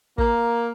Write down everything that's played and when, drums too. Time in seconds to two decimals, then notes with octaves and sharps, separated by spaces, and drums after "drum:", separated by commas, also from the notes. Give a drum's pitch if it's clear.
0.18 A#3, drum: kick